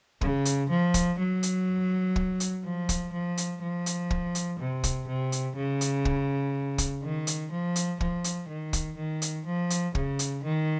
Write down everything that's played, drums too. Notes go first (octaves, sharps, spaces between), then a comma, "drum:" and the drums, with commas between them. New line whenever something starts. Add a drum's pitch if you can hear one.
C#3, drum: kick
drum: hi-hat
F3
drum: kick, hi-hat
F#3
drum: hi-hat
drum: kick
drum: hi-hat
F3
drum: kick, hi-hat
F3
drum: hi-hat
F3
drum: hi-hat
drum: kick
drum: hi-hat
C3
drum: kick, hi-hat
C3
drum: hi-hat
C#3
drum: hi-hat
drum: kick
drum: kick, hi-hat
D#3
drum: hi-hat
F3
drum: hi-hat
F3, drum: kick
drum: hi-hat
D#3
drum: kick, hi-hat
D#3
drum: hi-hat
F3
drum: hi-hat
C#3, drum: kick
drum: hi-hat
D#3